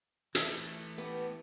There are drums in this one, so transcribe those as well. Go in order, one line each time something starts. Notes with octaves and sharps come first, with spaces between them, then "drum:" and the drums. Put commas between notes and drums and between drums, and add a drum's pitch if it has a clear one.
E3 A3, drum: hi-hat
B3 G4